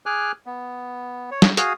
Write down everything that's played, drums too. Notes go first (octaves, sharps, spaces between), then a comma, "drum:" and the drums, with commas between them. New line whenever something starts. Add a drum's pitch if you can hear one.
G#4 G#5 D6 F6 F#6
B3
C#5
drum: snare
F#4 G#4 F5 D#6, drum: hi-hat